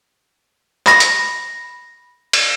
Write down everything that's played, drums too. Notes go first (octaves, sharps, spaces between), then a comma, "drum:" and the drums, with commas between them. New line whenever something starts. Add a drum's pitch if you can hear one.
B5 A#6, drum: clap
drum: hi-hat
drum: cymbal